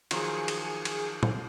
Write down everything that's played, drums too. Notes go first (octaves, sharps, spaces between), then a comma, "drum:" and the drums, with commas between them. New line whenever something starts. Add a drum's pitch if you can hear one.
D#3 F3 F#3 G#4 C#7, drum: cymbal
drum: cymbal
drum: cymbal
drum: tom